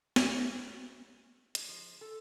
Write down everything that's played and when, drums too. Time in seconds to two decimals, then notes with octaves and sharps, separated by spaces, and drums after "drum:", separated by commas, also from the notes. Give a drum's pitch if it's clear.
0.16 drum: snare
1.55 G#3, drum: hi-hat
1.68 F3
2.01 A4